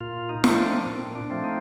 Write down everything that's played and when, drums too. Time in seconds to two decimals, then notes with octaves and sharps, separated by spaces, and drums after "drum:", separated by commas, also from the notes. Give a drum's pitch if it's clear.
0.01 A#2 F4
0.29 D#4
0.44 F3 A3 C4, drum: snare
0.58 D4
0.86 A#2
1.15 D4
1.30 F3 A3 C4
1.44 D#4